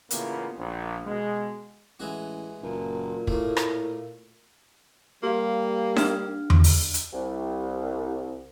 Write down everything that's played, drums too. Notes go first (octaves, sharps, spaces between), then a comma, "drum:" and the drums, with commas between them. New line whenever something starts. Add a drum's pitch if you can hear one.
A1 A2 C#3 A#3 B3 F4, drum: hi-hat
A#1
B2 G#3
A1 E3 G#3 F#4
F#1 A#2 F4
A2 A3 A#3, drum: kick
drum: rim click
G3 A#3 G4 F5
D4 F6, drum: snare D#4
drum: tom E2
drum: open hi-hat
drum: hi-hat
C2